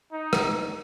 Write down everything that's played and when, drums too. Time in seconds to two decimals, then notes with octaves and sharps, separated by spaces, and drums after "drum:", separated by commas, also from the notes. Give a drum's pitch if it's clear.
0.12 D#4
0.33 drum: rim click